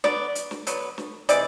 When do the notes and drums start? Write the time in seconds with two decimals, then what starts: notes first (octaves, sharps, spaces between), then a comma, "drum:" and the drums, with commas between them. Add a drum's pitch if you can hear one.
0.04 D3 F#3 B3 D5, drum: snare
0.35 drum: hi-hat
0.51 drum: snare
0.67 D3 F#3 B3, drum: hi-hat
0.98 drum: snare
1.29 C3 E3 G#3 D5, drum: hi-hat